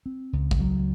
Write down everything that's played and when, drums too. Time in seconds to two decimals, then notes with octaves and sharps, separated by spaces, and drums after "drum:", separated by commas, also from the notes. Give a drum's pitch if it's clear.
0.06 C4
0.33 C#2
0.51 drum: kick A1
0.61 F#3